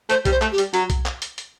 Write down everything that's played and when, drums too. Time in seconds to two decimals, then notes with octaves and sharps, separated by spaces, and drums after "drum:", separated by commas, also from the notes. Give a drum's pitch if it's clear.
0.10 A3 C5, drum: hi-hat
0.25 G3, drum: kick B1, hi-hat
0.31 C5
0.42 A3, drum: clap
0.52 G4
0.58 G3, drum: hi-hat
0.74 F#3, drum: hi-hat
0.90 drum: kick B1, hi-hat
1.06 drum: clap
1.22 drum: hi-hat
1.38 drum: hi-hat